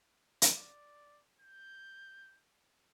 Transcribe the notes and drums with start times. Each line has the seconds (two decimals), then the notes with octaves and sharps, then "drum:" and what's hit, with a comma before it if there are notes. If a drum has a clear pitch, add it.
0.42 drum: hi-hat
0.55 D5
1.40 G6